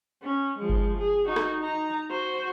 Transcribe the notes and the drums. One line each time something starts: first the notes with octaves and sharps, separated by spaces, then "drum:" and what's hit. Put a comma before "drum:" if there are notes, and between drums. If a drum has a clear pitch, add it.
C#4
F3 G#3
drum: kick G1
G#4
D#4 F#4
drum: rim click
D#4 A#5
F#4 C5